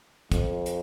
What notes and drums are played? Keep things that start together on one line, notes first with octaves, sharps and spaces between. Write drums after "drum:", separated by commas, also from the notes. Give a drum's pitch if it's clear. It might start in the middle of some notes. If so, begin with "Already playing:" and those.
F2, drum: kick, hi-hat
drum: hi-hat